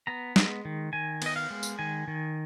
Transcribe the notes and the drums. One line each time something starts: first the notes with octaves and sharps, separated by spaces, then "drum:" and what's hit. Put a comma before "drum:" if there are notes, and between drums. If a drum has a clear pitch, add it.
B3 A#5
G#3, drum: snare
D#3
D#3 G#5
B3 D#5, drum: cymbal
F5
G#3
drum: tambourine
D#3 G#5
D#3